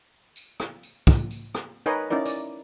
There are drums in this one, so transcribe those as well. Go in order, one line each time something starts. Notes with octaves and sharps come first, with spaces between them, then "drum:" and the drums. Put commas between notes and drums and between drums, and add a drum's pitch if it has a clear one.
drum: tambourine
drum: rim click
drum: tambourine
drum: kick, tambourine
drum: tambourine
drum: rim click
D#4 A#4 B4 C#5 D#5 G#5
C#4 D#4 E4 A#4 D5
D5, drum: tambourine